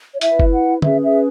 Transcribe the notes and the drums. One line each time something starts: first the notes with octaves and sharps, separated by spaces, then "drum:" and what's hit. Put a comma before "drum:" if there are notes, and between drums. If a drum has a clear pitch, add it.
C#5
E4 B4 E5, drum: hi-hat
drum: kick F#1
F#5
C#4 G#4 B4 E5, drum: tom
E5